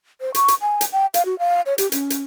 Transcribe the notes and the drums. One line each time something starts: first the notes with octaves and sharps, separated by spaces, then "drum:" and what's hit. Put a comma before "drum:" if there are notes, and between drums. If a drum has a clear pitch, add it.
C5
C#6, drum: hi-hat
drum: hi-hat
G#5
drum: hi-hat
G5
F5, drum: hi-hat
F#4
F5
C#5
G4, drum: hi-hat
C#4, drum: hi-hat
drum: hi-hat